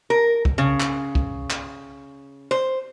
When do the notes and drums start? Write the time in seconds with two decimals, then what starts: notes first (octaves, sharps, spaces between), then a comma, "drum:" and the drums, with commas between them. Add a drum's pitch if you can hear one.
0.10 A#4
0.45 drum: kick
0.58 C#3
0.80 drum: clap
1.15 drum: kick
1.50 drum: clap
2.51 C5